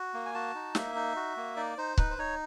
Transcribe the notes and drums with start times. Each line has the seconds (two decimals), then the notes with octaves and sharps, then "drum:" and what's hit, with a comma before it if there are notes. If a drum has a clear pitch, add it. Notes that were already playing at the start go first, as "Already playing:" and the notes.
Already playing: F#4
0.14 A#3
0.26 G#5
0.34 F#4 A5
0.54 D#4
0.75 A#3 E5, drum: snare
0.95 D#4
1.16 F#4
1.37 A#3
1.56 D#4 D5
1.77 D#4 C5
1.98 D#4 B4, drum: kick C#1
2.11 C5
2.18 D#4 C#5